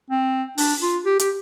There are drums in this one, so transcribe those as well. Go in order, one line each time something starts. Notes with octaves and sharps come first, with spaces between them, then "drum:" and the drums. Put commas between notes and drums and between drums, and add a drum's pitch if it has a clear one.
C4
D4, drum: open hi-hat
F4
G4
G4, drum: hi-hat